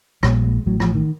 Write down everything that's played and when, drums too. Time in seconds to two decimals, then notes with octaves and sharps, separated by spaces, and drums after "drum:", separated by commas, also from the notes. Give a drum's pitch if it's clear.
0.23 A#1 A#2 G3, drum: rim click
0.45 G#3
0.66 A1 A2 F#3
0.80 F3, drum: rim click
0.95 D#3